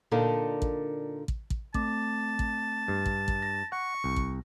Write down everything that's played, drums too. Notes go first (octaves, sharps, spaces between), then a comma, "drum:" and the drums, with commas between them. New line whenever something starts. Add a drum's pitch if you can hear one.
A#2 D3 D#4 A4 A#4
drum: kick
drum: kick
drum: kick
A3 C4 A5 D6, drum: kick
drum: kick
G2
drum: kick
drum: kick
A#6
F#5 C#6
C2
drum: kick